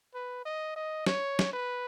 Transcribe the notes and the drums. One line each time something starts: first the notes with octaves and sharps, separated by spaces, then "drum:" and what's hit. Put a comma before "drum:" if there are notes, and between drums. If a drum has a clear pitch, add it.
B4
D#5
D#5
C#5, drum: snare
drum: snare
B4